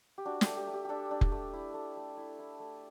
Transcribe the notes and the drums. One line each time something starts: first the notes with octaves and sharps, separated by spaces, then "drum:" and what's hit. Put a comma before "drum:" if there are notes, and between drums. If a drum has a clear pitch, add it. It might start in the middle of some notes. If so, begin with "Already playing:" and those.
G4
D4 F#4
G4, drum: snare
A3
G4
A3
G4
D4 G4 A4
D4
drum: kick F1
A3
E4
A3
A3
E4
E4
A3